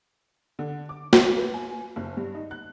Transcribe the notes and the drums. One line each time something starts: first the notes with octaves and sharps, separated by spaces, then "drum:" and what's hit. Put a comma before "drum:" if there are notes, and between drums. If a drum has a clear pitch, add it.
D3
D6
drum: snare
B4
G#5
F#1
G2
D#4
F#6